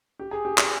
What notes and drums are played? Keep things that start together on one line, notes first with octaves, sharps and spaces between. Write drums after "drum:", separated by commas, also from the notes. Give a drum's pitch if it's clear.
G4
G#4
G4
G#4, drum: clap